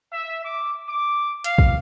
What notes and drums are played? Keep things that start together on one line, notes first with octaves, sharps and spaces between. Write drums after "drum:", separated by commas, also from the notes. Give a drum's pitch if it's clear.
E5
D6
D6
F5, drum: hi-hat
drum: kick